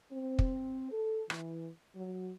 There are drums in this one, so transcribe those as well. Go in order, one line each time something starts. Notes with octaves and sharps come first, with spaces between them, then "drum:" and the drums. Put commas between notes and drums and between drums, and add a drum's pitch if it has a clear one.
C4
drum: kick
A4
E3, drum: rim click
F#3